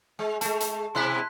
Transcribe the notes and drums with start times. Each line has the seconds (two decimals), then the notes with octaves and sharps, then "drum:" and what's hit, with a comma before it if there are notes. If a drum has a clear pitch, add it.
0.19 G#3
0.41 G#3 A3 A5, drum: hi-hat
0.60 drum: hi-hat
0.95 B2 G#3 E4 C6 F#6 B6